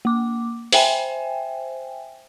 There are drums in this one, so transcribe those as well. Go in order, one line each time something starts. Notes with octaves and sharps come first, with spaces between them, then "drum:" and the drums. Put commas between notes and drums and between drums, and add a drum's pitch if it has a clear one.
A#3 D6
C5 E5 G5 G#5, drum: open hi-hat